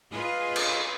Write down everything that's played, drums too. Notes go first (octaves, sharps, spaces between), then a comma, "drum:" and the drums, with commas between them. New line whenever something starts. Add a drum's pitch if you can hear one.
F4 G#4 B4 D#5
drum: cymbal